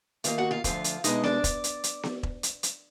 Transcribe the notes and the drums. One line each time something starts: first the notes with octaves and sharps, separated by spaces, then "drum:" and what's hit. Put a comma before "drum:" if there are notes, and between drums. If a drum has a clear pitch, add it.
D#2 D#3 A#3 F4 F5, drum: hi-hat
F#4 F#5
F4 F5
D2 D3 F3 F4 F5, drum: kick E1, hi-hat
drum: hi-hat
B2 G#3 D4 D#4 D#5, drum: hi-hat
D4 D5, drum: snare B3
drum: kick E1, hi-hat
drum: hi-hat
drum: hi-hat
drum: snare B3
drum: kick E1
drum: hi-hat
drum: hi-hat